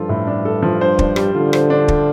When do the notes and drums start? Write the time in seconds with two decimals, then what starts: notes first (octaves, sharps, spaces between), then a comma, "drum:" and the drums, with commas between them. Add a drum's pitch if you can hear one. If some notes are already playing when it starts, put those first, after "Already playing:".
Already playing: G2 F3 F4 A4
0.09 A2
0.27 D4
0.45 A4
0.63 F3
0.81 G2 C5
0.99 D4, drum: kick
1.16 G3, drum: rim click
1.35 D3 F4
1.53 C5, drum: rim click
1.70 D4
1.88 drum: kick